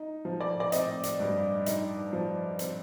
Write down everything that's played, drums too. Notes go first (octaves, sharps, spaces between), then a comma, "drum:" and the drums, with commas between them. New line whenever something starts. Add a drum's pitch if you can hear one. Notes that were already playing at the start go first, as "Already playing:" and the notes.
Already playing: D#4
F3
D5
D5
C4 D#5, drum: hi-hat
drum: hi-hat
G2
D#4, drum: hi-hat
F3
C4, drum: hi-hat